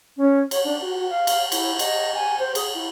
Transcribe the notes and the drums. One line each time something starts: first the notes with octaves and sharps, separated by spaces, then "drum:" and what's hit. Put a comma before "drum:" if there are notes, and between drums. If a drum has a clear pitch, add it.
C#4
C#5, drum: cymbal
D4
F#4
F#4
F5
drum: cymbal
E4, drum: cymbal
D#5, drum: cymbal
G#5
C5
G#4, drum: cymbal
E4